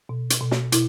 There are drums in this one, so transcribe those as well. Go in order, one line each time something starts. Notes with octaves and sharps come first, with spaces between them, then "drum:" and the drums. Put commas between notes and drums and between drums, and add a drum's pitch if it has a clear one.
B2
drum: hi-hat
B2
drum: snare
B2 E4, drum: hi-hat